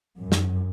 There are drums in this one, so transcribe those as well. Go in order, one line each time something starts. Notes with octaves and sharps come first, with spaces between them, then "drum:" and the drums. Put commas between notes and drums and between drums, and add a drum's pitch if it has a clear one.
F#2
drum: snare